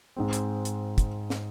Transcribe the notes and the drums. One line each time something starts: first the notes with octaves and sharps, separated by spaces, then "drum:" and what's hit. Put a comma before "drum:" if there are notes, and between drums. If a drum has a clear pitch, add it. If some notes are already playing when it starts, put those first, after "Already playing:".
G#2 G#3 C4
drum: hi-hat
drum: hi-hat
drum: kick, hi-hat
drum: snare